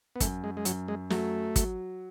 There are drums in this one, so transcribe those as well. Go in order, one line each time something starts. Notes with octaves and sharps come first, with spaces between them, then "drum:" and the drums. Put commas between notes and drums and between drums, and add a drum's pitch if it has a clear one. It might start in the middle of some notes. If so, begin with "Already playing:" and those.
B3
F#2 A3, drum: kick, hi-hat
G#3
G#3
F#2 F#3, drum: hi-hat
G#3
F#3 A3, drum: snare
F#3, drum: kick, hi-hat